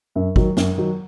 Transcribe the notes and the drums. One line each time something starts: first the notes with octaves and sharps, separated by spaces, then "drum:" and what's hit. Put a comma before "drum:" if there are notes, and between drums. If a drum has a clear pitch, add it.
F#2
D#3 F#3, drum: kick
F#2, drum: snare
D#3 F#3